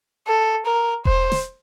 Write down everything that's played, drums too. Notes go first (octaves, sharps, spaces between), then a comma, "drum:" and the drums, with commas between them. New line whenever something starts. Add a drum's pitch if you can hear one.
A4
A#4
C5, drum: kick E1
drum: snare